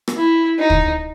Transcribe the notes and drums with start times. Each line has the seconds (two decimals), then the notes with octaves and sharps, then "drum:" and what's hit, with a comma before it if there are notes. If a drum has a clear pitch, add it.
0.08 drum: rim click
0.17 E4
0.59 D#4
0.70 drum: kick